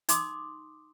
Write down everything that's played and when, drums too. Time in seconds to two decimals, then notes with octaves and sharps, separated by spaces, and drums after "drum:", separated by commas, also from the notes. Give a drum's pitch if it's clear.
0.09 D#4 C6 D6 D#6, drum: hi-hat